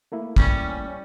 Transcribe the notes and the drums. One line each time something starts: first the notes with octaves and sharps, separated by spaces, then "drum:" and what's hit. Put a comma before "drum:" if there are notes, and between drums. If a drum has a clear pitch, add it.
A3 A#3 E4
G3 C#4, drum: kick